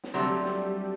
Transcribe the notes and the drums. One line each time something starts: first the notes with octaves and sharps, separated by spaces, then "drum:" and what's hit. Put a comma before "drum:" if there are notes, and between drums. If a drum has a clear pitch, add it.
drum: snare
D3 F#3 G3 A3 C4
G3, drum: snare